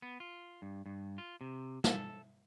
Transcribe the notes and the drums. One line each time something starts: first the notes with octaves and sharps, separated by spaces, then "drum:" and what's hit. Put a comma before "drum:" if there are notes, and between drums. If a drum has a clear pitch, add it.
B3
F4
G2
G2
F4
C3
A4, drum: snare